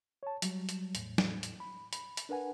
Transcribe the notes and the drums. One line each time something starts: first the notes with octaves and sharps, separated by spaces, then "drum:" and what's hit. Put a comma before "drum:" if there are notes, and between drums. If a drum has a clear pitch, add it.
C#5 A5
F#3 G3, drum: hi-hat
drum: hi-hat
E2 A2, drum: hi-hat
drum: snare
drum: hi-hat
B5
B5, drum: hi-hat
drum: hi-hat
D4 A#4 B4 F#5 G#5